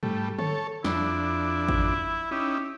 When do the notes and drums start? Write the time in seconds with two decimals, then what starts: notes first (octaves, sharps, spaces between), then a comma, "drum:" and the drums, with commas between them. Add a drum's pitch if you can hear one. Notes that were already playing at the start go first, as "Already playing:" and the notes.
0.03 G3 A3, drum: tom G#2
0.39 A4 C#5, drum: tom D3
0.84 F2 D4 E4, drum: snare
1.69 drum: kick G#1
2.31 C#4 D#4 E4 G4